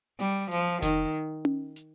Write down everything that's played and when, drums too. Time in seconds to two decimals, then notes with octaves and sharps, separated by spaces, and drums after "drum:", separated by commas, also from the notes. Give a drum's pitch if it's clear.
0.20 G3, drum: hi-hat
0.51 F3, drum: hi-hat
0.82 D#3, drum: snare F1
1.45 drum: tom C#4
1.76 drum: hi-hat